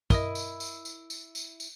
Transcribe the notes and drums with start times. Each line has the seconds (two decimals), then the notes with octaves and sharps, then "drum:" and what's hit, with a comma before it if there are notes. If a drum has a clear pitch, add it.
0.10 E4 A#4 D#5 D#6, drum: kick, tambourine
0.35 drum: tambourine
0.60 drum: tambourine
0.85 drum: tambourine
1.10 drum: tambourine
1.35 drum: tambourine
1.60 drum: tambourine